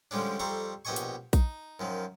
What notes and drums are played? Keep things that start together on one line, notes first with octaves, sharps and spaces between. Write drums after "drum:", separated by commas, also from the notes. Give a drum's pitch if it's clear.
D3 F3 G3 G#3 C#4 D4
F2 G3 A4 A#5 C6 C#6
A#1 B2 G4 D#5 G#5 C#6
drum: hi-hat
D#4, drum: kick A#1, hi-hat
F#2 D#3 F3